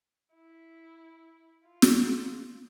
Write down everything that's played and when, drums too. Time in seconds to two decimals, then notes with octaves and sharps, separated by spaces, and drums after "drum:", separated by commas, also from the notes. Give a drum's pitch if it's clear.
0.33 E4
1.65 F4
1.82 drum: snare